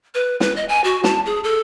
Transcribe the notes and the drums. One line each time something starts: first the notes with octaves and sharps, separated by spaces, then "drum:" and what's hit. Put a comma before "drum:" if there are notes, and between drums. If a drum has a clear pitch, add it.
B4
B4, drum: snare
D#5
G#5
F#4
A5, drum: snare
G#4
A4